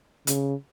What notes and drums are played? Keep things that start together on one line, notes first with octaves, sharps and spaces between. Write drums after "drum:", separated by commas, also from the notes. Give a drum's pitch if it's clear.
C#3, drum: hi-hat